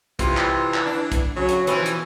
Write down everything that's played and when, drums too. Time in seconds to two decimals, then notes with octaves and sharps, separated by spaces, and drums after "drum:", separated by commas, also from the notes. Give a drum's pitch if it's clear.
0.19 C3 E3 F4, drum: kick, hi-hat
0.37 drum: clap
0.75 drum: clap
0.86 D4
1.12 drum: kick, hi-hat
1.36 C#3 F#3
1.49 drum: hi-hat
1.67 B2 E3 F3, drum: hi-hat
1.86 drum: hi-hat